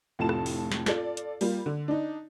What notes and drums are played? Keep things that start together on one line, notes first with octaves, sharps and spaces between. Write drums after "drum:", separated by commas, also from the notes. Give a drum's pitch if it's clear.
F1 A2 F4 A5 E7
drum: rim click
drum: open hi-hat
drum: snare
F4 A4 D5, drum: snare
drum: hi-hat
G3 A#3 F4, drum: open hi-hat
D3
D4 D#4